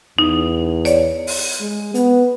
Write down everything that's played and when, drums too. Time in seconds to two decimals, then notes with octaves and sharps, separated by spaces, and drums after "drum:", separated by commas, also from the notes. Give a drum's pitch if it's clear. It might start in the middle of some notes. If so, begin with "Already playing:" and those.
0.18 E2 D#4
0.85 C#5 D5, drum: hi-hat
1.27 drum: open hi-hat
1.61 G#3
1.94 B3, drum: hi-hat